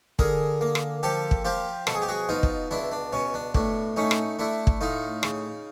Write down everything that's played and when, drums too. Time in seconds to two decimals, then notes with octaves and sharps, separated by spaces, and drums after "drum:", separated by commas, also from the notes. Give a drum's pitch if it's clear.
0.19 D3 G#4 A#4, drum: kick
0.61 A#3
0.75 drum: rim click
1.03 F3 G4 A4
1.31 drum: kick
1.45 F3 F4 G4
1.87 B2 A4, drum: rim click
1.95 G#4
2.02 G4
2.08 F#4 G#4
2.29 B2 D#4 F4
2.43 drum: kick
2.71 C#2 D4 E4
2.91 D4
3.13 B2 C#4
3.34 D4
3.54 A2 D4, drum: kick
3.96 A3 C#4 D#4
4.11 drum: rim click
4.39 A3 D4 E4
4.67 drum: kick
4.81 A2 D#4 F4
5.23 C#3, drum: rim click